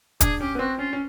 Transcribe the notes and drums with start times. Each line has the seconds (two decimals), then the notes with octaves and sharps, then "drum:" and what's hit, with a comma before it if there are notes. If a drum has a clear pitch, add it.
0.20 D4 G#4, drum: kick, hi-hat
0.40 C#4 G4
0.55 B3
0.59 C4 F#4
0.79 C#4 F4
0.93 C#4